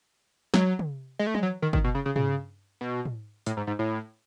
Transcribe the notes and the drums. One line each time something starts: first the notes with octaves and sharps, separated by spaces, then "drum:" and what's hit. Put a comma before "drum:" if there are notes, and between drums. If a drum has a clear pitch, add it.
F#3, drum: snare
drum: tom
G#3
A3
G#3, drum: tom
F#3
D#3
D#3, drum: kick
B2
C#3
C#3
C#3, drum: tom
B2
drum: tom
A2, drum: hi-hat
G#2
G#2
A2